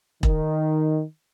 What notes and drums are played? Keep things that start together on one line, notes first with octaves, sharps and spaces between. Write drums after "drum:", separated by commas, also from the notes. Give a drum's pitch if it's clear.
D#3, drum: kick E1